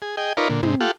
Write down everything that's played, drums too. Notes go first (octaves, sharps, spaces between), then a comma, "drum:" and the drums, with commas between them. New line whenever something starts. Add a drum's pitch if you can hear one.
G#4
G#4 D#5 G5
D#4 F4 A#4 B4 C#5 D5
A#2 D3
G#2 C3, drum: tom
F4 G4 A4 F#5